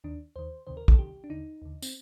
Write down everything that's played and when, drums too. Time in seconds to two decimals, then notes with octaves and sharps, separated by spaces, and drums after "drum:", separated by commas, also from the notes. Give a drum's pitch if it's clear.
0.04 D#2 D#3 D4
0.36 D#2 D#3 C5
0.67 D2 C3 D#3 C5
0.77 A#4
0.88 A4, drum: kick
0.98 D2 C3 D#3 G4
1.24 D4
1.30 D#2 D3 D#4
1.62 D#2 D3
1.83 C4, drum: tambourine